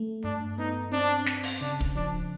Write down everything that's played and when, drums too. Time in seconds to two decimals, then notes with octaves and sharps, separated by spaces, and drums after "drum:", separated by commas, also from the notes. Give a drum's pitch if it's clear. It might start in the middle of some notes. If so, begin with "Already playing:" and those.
Already playing: A3
0.24 G2 D4
0.58 B3 D#4
0.92 C4 D4
1.26 C4, drum: snare
1.43 drum: open hi-hat
1.61 C#3 D4
1.81 drum: kick
1.95 F3 D4